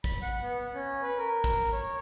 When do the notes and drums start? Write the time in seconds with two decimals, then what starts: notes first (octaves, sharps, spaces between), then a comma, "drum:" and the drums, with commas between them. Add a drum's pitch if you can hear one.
0.04 B5, drum: kick
0.22 F#5
0.42 B3
0.74 C#4
1.02 B4
1.18 A#4
1.44 drum: kick
1.72 C#5